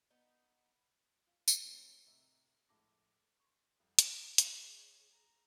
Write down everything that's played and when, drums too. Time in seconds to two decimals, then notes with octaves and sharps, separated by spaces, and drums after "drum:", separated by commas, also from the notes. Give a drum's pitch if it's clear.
0.10 B3 D#4
1.27 F4
1.48 drum: tambourine
1.65 F3 G#3 A3 C4 C#4 D#4
2.06 A2 C3 A#4 D#5 E5
2.68 A#1 A2 G#3 A5 D6 A#6
3.40 C6 C#6
3.80 C2 F2 G3
3.99 drum: hi-hat
4.38 G#4 D6, drum: hi-hat
4.76 C#5
5.11 A#5